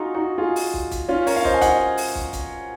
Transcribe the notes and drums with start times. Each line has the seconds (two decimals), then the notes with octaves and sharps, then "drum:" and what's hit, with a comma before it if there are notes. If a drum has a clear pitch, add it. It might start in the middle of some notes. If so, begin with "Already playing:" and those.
Already playing: D#4 F4 F#4 G#4
0.15 D#4 F#4
0.38 F4 G#4
0.56 drum: open hi-hat
0.74 drum: kick
0.91 drum: kick, hi-hat
1.08 C#4 F4
1.27 A#4 C#5, drum: open hi-hat
1.36 F5
1.45 C5 D#5, drum: kick
1.54 G#5
1.61 D#5 F#5, drum: kick, hi-hat
1.97 drum: open hi-hat
2.15 drum: kick
2.33 drum: kick, hi-hat